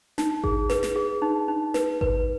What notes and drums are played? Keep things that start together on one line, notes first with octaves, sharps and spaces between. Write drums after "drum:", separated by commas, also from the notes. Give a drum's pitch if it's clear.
D#4, drum: snare
G#4, drum: kick G#1
B4, drum: snare
drum: snare
G#4
D#4
D#4
B4, drum: snare
B4, drum: kick G#1